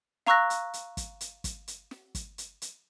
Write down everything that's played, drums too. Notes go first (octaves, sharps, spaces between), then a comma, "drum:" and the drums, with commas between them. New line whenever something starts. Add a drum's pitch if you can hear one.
F5 A#5 C#6 E6 F#6 A#6, drum: snare
drum: hi-hat
drum: hi-hat
drum: kick, hi-hat
drum: hi-hat
drum: kick, hi-hat
drum: hi-hat
drum: snare
drum: kick, hi-hat
drum: hi-hat
drum: hi-hat